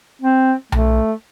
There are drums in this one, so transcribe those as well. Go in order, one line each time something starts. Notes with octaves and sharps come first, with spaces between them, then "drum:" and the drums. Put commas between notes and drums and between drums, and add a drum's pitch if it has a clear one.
C4
A3, drum: tom B1